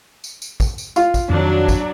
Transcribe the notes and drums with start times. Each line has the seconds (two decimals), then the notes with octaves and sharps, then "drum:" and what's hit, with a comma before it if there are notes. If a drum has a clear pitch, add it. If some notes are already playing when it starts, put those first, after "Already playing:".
0.24 drum: tambourine
0.42 drum: tambourine
0.60 drum: kick, tambourine
0.78 drum: tambourine
0.96 F4, drum: tambourine
1.14 drum: kick, tambourine
1.30 F2 D#3 F#3 D4
1.69 drum: kick, tambourine